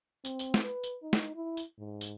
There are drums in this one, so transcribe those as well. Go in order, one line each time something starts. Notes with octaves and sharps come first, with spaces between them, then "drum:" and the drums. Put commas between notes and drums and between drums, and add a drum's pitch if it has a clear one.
C4, drum: tambourine
drum: tambourine
drum: snare
B4
drum: tambourine
D#4
drum: snare
E4
drum: tambourine
G#2
drum: tambourine